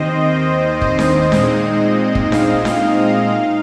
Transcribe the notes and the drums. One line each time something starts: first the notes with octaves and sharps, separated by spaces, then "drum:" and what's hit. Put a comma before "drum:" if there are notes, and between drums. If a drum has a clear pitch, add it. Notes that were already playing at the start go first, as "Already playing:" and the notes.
Already playing: D#2 D#3 C4 C5 D#5
C5, drum: kick
drum: snare D4
A#2 G#3 C4 D#4 D#5, drum: snare D4
drum: kick
F5, drum: snare D4
drum: snare D4
F5
D#4